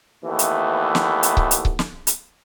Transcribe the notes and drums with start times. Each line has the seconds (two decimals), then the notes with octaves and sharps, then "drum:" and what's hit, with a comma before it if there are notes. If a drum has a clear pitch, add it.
0.25 D#2 E3 A3 B3
0.39 drum: hi-hat
0.95 drum: snare
1.23 drum: hi-hat
1.37 drum: kick C#1
1.51 drum: hi-hat
1.65 drum: kick C#1
1.79 drum: snare
2.07 drum: hi-hat